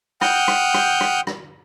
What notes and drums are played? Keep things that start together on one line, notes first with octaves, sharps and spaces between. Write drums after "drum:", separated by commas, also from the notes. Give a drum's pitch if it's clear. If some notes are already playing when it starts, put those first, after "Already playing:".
F#5 G5 D#6 F6 G6, drum: rim click
drum: rim click
drum: rim click
drum: rim click
drum: rim click